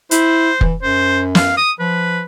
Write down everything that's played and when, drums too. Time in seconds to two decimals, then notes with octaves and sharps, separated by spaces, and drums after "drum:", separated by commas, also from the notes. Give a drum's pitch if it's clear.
0.11 E4 C5, drum: hi-hat
0.61 E3, drum: kick
0.82 F#2 C5
1.35 F5, drum: snare
1.57 D#6
1.79 F3 B4